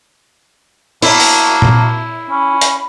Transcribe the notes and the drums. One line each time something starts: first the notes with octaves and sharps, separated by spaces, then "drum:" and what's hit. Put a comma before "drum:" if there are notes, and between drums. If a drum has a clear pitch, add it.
A#3 E4 F#4 A5, drum: cymbal
drum: open hi-hat
drum: tom A#2
C#4 B5
drum: hi-hat